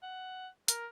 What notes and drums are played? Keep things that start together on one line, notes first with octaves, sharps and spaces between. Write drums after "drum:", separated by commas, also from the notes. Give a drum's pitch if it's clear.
F#5
A#4, drum: hi-hat